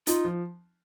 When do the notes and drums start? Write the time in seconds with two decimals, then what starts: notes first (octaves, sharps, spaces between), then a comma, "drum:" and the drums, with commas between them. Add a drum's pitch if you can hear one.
0.07 D#4 F4, drum: hi-hat
0.25 F3